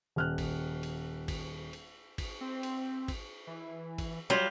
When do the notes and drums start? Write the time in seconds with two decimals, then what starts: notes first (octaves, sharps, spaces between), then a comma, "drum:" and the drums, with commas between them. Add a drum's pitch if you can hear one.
0.16 D#1 F6 F#6
0.38 drum: kick G#1, cymbal
0.83 drum: cymbal
1.28 drum: kick G#1, cymbal
1.73 drum: cymbal
2.18 drum: kick G#1, cymbal
2.41 C4
2.63 drum: cymbal
3.08 drum: kick G#1, cymbal
3.47 E3
3.98 drum: kick G#1, cymbal
4.30 F#3 G3 F4 G4